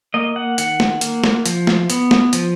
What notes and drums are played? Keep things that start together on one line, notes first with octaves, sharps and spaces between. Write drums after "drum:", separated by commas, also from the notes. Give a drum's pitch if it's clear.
A#3 D#5
F#5
D#3 F#5, drum: hi-hat
drum: snare
A#3, drum: hi-hat
drum: snare
F3, drum: hi-hat
drum: snare
B3, drum: hi-hat
drum: snare
F3, drum: hi-hat